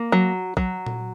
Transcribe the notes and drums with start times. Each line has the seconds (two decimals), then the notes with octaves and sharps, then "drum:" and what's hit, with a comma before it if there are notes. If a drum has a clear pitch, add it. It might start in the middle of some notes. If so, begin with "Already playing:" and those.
Already playing: A#3
0.12 F#3
0.57 F#3, drum: kick
0.86 drum: tom A#2